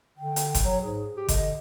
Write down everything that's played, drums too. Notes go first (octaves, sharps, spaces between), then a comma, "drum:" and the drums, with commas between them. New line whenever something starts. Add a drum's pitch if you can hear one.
D3 G5
drum: hi-hat
drum: kick G1, hi-hat
F#3 C#5
G#2 G#4
G4
D3 D#5, drum: kick G1, hi-hat